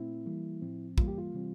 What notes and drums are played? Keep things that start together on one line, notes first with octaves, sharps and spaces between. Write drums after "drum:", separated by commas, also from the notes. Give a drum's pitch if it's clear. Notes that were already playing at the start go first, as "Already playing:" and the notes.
Already playing: A#2 A3 C4 E4
E3 G3 A#3
A2 F3 C4
E3 G3 A#3 F4, drum: kick
G4
F4
C3 E3 G3 C4